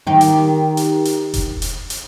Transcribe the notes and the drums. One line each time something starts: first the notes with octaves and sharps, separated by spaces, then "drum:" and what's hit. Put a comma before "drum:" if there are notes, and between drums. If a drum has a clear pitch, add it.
D#3 G4
drum: hi-hat
drum: hi-hat
drum: hi-hat
drum: kick E1, hi-hat
drum: hi-hat
drum: hi-hat